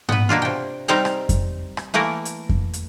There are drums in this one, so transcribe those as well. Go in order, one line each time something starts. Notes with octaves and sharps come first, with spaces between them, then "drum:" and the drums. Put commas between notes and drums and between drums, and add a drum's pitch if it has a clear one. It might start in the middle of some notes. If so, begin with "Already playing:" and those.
B3 B4, drum: tom G#2
B2 A#3 D4 F4
C3 G5
G3 C4 D#4 G4 F5 A#5
drum: rim click
drum: kick F2, hi-hat
drum: rim click
E3 A3 A#3 A#4
drum: hi-hat
drum: kick F2
drum: hi-hat